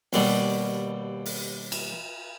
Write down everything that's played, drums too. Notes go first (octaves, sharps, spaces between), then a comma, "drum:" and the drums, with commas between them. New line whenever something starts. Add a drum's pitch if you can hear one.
D#2 B2 G3, drum: open hi-hat
drum: open hi-hat
drum: cymbal